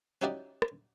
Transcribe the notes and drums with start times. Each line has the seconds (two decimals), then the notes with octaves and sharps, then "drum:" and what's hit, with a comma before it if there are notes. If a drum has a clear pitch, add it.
0.22 C#4 D#4 E4 F#4 G4 D5
0.62 drum: rim click